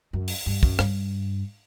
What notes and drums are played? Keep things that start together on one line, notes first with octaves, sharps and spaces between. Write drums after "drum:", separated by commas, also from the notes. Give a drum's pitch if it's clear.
F#2
drum: open hi-hat
G2
F#2, drum: kick
G2, drum: rim click